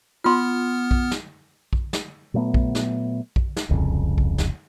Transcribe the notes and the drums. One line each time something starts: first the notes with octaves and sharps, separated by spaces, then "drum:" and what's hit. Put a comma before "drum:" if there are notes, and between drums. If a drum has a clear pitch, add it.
B3 F4 C6 F6
drum: kick A#1
drum: snare
drum: kick A#1
drum: snare
A#2 F#3 A3 B3
drum: kick A#1
drum: snare
drum: kick A#1
drum: snare
D1 C2 F2 C#3
drum: kick A#1
drum: snare